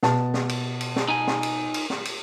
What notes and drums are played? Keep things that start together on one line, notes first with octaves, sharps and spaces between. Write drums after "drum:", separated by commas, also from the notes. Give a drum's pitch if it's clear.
B2 B3 A5, drum: snare
drum: snare
drum: cymbal
drum: cymbal
drum: snare
D#4 G#5
drum: snare
drum: cymbal
drum: cymbal
drum: snare
drum: cymbal